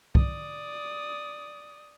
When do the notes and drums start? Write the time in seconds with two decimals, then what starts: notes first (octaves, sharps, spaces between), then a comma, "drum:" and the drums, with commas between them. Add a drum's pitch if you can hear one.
0.15 D5 D#6, drum: kick